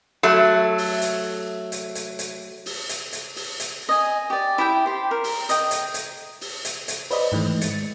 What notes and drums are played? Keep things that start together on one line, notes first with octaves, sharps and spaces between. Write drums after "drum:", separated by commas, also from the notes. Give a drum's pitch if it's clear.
F#3 A3
drum: open hi-hat
drum: hi-hat
drum: hi-hat
drum: hi-hat
drum: hi-hat
drum: open hi-hat
drum: hi-hat
drum: hi-hat
drum: open hi-hat
drum: hi-hat
D#5 G#5
G4 D5
E4 G4 G5
G4 C5
A#4
drum: open hi-hat
D#5 G5, drum: hi-hat
drum: hi-hat
drum: hi-hat
drum: open hi-hat
drum: hi-hat
drum: hi-hat
B4 C5 D5 D#5 B5, drum: open hi-hat
G#2 D#3 E3 A3
G#3 A6 C#7, drum: hi-hat